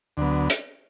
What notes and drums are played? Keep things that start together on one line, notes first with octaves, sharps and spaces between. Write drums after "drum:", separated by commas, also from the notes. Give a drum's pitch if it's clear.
D2 D3 F#3 B3
drum: hi-hat